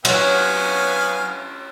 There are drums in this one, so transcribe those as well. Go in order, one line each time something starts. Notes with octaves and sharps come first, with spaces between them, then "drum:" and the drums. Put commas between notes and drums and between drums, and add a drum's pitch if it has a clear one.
F#3 B3 F5 G#5, drum: cymbal